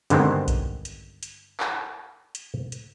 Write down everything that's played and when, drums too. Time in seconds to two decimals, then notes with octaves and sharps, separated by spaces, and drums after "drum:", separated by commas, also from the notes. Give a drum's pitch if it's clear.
0.10 G2 D3 D#3 G#3 B3 C4, drum: hi-hat
0.48 drum: kick A#1, hi-hat
0.85 drum: hi-hat
1.23 drum: hi-hat
1.60 drum: clap
2.35 drum: hi-hat
2.72 drum: hi-hat